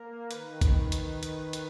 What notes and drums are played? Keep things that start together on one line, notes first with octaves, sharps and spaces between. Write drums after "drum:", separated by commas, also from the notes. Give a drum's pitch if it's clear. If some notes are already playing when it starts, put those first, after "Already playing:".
Already playing: A#3 A#4
D#3 B4, drum: hi-hat
drum: kick, hi-hat
drum: hi-hat
drum: hi-hat
drum: hi-hat